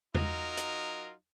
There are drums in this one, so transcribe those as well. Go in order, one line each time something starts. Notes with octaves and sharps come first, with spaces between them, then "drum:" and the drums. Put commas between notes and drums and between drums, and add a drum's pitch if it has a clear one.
F#3 D#4 F4 A#4, drum: tom E2
drum: hi-hat